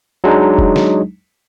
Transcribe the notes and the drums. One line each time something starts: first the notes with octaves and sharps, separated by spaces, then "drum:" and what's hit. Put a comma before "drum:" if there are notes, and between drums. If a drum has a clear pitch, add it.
F#3 G#3 D4 D#4
drum: kick F1
drum: snare